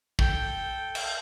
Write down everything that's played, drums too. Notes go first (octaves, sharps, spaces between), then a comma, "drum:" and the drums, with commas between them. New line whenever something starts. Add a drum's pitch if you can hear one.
A4 G5, drum: kick
drum: cymbal